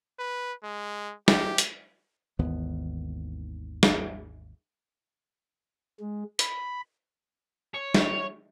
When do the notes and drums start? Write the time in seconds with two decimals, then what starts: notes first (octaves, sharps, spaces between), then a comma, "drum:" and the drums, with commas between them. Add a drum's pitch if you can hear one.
0.19 B4
0.63 G#3
1.28 G4, drum: snare
1.58 drum: hi-hat
2.39 G#1 D#2 E3 B3
3.83 drum: snare
6.00 G#3
6.39 B5, drum: hi-hat
7.74 C#5
7.94 drum: snare